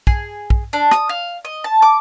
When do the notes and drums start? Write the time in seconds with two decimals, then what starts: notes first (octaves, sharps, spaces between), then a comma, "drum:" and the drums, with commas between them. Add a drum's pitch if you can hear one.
0.07 G#4, drum: kick
0.50 drum: kick
0.73 D4
0.91 D#6, drum: rim click
1.09 F5
1.45 D#5
1.64 A5
1.82 D6